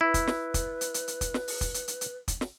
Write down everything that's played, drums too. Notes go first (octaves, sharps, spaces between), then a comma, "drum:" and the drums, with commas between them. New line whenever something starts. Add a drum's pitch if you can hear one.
E4 B4
drum: kick, hi-hat
drum: snare
drum: kick, hi-hat
drum: hi-hat
drum: hi-hat
drum: hi-hat
drum: kick, hi-hat
drum: snare
drum: open hi-hat
drum: kick, hi-hat
drum: hi-hat
drum: hi-hat
drum: hi-hat
drum: kick, hi-hat
drum: snare